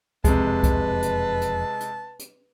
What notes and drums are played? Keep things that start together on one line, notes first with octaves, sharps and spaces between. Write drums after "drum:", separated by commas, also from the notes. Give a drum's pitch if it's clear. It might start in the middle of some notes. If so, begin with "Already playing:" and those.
E1 F2 C3 G#3 B4 A5, drum: kick C2, hi-hat
drum: kick C2, hi-hat
drum: hi-hat
drum: hi-hat
drum: hi-hat
drum: hi-hat